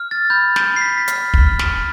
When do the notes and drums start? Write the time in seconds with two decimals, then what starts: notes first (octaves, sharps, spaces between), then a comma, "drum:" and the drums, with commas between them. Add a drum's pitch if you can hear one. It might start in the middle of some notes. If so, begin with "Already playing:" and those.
Already playing: F6
0.11 A6
0.30 B5 G6
0.56 G6, drum: snare
0.69 B5
0.76 C7
0.81 B6
0.97 B6
1.08 F6 C7, drum: hi-hat
1.34 drum: kick
1.47 F6
1.59 drum: snare